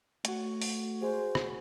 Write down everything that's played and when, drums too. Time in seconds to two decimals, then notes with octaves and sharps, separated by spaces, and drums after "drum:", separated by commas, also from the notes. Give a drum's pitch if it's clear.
0.25 A3 F#4 C#5, drum: hi-hat
0.62 drum: open hi-hat
1.02 G#3 G#4 C5 D5
1.35 drum: rim click